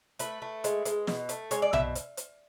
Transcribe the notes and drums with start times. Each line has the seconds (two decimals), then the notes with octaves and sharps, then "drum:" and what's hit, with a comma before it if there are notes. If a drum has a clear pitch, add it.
0.19 A3 B4, drum: hi-hat
0.42 A3
0.64 G#3, drum: hi-hat
0.85 G#3, drum: hi-hat
1.07 B2, drum: snare
1.29 A3, drum: hi-hat
1.51 G#3 C#5, drum: hi-hat
1.62 D5
1.73 B2 E5, drum: tom B1
1.95 drum: hi-hat
2.17 drum: hi-hat